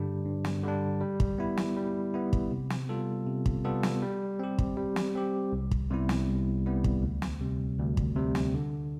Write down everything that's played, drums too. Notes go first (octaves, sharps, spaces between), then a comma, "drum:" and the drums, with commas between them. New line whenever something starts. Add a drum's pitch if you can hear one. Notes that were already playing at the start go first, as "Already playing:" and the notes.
Already playing: G2 D3 G3 D4
G2
drum: snare
D3 G3 D4
G3
drum: kick
B3 E4
drum: snare
G3
B3 E4
drum: kick
C3
drum: snare
G3 B3 F4 A4
C3
drum: kick
G3 B3 F4 A4
drum: snare
G3
C4 G4
drum: kick
G3
drum: snare
C4 G4
C2
drum: kick
C3 G3 B3 E4
drum: snare
C2
C3 G3 B3 E4
drum: kick
D2
drum: snare
C3 G3
D2
drum: kick
C3 G3
drum: snare
D3